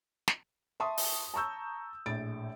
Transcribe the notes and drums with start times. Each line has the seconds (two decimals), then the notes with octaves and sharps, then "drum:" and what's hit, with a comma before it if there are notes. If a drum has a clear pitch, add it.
0.28 drum: snare
0.80 E5 A5 C6 C#6 D#6
0.98 drum: open hi-hat
1.34 A5 A#5 C#6 E6 G6
2.06 A#1 A2 A6 D7